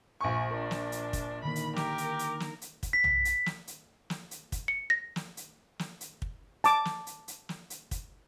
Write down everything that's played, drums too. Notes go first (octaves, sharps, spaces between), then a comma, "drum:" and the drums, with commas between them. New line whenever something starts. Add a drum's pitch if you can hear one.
A#1 G#5 C#6
D4 A#4
drum: snare
drum: hi-hat
drum: kick, hi-hat
D3 D#3 A#3 B5
drum: hi-hat
A#4 G5 D6, drum: snare
drum: hi-hat
drum: hi-hat
drum: snare
drum: hi-hat
drum: kick, hi-hat
B6
drum: tom B1
drum: hi-hat
drum: snare
drum: hi-hat
drum: snare
drum: hi-hat
drum: kick, hi-hat
C#7
A#6
drum: snare
drum: hi-hat
drum: snare
drum: hi-hat
drum: kick
A5 D6, drum: hi-hat
drum: snare
drum: hi-hat
drum: hi-hat
drum: snare
drum: hi-hat
drum: kick, hi-hat